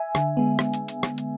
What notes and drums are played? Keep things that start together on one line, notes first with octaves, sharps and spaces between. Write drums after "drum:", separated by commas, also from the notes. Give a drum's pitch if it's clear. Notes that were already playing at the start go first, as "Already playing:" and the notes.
Already playing: E5 G#5
D3, drum: rim click
G#3 B3
drum: rim click
drum: hi-hat
drum: hi-hat
drum: rim click
drum: hi-hat